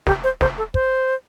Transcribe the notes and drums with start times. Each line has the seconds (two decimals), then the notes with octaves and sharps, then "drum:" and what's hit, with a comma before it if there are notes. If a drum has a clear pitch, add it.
0.07 G4, drum: snare
0.24 C5
0.41 C5, drum: snare
0.58 A4
0.74 C5, drum: kick